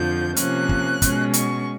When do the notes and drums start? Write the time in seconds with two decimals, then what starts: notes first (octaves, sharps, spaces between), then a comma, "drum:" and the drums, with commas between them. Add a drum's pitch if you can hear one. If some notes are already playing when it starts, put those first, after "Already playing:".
Already playing: F2 D3 F3 G6
0.36 C3 F3 A#3 C#4 F#6, drum: hi-hat
0.69 drum: kick
1.02 B2 G#3 C#4, drum: kick, hi-hat
1.34 C#6, drum: hi-hat